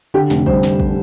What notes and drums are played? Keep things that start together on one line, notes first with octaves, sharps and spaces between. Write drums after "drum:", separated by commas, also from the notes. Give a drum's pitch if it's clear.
D3 G4
F1, drum: snare
G3 C5, drum: kick
drum: snare
drum: kick